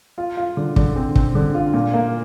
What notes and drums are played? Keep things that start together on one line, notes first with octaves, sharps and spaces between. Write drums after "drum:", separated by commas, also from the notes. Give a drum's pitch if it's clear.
F4
F4
D3
D3, drum: kick
C4
C4, drum: kick
D3
F4
A#2
A#3